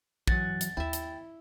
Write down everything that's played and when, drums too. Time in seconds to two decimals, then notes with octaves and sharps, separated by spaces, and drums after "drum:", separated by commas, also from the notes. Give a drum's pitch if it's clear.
0.27 E3 F#3 F#5 G#5 A6, drum: kick
0.61 drum: hi-hat
0.77 D#2 E4 E5 G5
0.93 drum: hi-hat